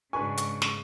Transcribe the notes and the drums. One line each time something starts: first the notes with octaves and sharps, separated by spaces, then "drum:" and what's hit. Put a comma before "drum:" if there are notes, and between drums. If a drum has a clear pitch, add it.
G#2 C#3 D4 B4 G#5 C#6
drum: hi-hat
drum: snare